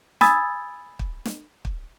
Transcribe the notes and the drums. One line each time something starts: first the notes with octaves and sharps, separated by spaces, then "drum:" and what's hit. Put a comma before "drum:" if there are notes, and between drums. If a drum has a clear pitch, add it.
G#5 B5 D#6 E6 G#6 A6, drum: snare
drum: kick
drum: snare
drum: kick